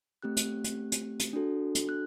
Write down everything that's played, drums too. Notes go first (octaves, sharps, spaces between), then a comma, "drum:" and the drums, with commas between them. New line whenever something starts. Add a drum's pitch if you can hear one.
A3 C4 G4 F#6
drum: hi-hat
drum: hi-hat
drum: hi-hat
drum: hi-hat
D4 F#4 A4
drum: hi-hat
F#6